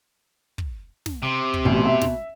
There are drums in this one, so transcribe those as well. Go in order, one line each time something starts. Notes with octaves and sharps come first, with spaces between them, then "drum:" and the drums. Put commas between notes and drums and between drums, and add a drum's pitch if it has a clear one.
drum: kick
drum: snare
C3
drum: kick
A1 B2
E5
drum: snare